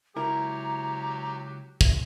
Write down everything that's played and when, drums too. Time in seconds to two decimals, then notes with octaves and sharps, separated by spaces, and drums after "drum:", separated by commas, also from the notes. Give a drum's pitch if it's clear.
0.16 C#2 F#3 E4 G4 A#4 A#5
1.81 drum: kick